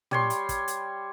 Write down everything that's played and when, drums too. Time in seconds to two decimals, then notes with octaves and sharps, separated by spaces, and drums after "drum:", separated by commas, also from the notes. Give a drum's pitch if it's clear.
0.11 G3 C#5 C6, drum: tom
0.30 drum: hi-hat
0.49 drum: kick, hi-hat
0.68 drum: hi-hat